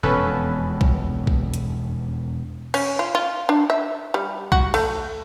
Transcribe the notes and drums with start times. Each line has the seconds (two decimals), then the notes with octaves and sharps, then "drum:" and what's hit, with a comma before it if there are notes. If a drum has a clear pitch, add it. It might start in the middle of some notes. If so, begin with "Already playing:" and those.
0.03 E1 F2 B2 C#4 A4 B4
0.81 drum: kick B1
1.27 drum: kick B1
1.54 drum: hi-hat
2.74 C#4, drum: cymbal
2.99 F4
3.15 F4
3.49 D4
3.70 E5
4.14 G3
4.52 F#4, drum: kick B1
4.74 A3, drum: cymbal